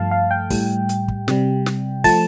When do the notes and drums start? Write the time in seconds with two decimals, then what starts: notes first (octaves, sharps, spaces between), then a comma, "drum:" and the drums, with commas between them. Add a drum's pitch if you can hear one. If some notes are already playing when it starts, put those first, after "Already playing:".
Already playing: G2 F3 A3 F5 A5
0.11 F5
0.31 G5
0.50 A2 G3, drum: kick, open hi-hat
0.89 drum: hi-hat
1.08 drum: kick
1.28 C3 G3, drum: snare
1.66 drum: snare
2.04 F3 A3 A5, drum: kick, open hi-hat